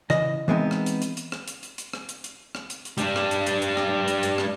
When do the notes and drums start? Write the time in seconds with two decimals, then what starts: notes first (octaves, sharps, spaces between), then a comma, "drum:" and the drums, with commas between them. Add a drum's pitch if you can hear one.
0.10 C#3 E3 D#5, drum: rim click
0.48 E3 G#3 B3 C4 D#4
0.71 drum: rim click
0.86 drum: hi-hat
1.02 drum: hi-hat
1.17 drum: hi-hat
1.32 drum: rim click
1.48 drum: hi-hat
1.63 drum: hi-hat
1.78 drum: hi-hat
1.93 drum: rim click
2.09 drum: hi-hat
2.24 drum: hi-hat
2.55 drum: rim click
2.70 drum: hi-hat
2.85 drum: hi-hat
2.98 G3 D4, drum: hi-hat
3.16 drum: rim click
3.31 drum: hi-hat
3.46 drum: hi-hat
3.62 drum: hi-hat
3.77 drum: rim click
4.08 drum: hi-hat
4.23 drum: hi-hat
4.38 drum: rim click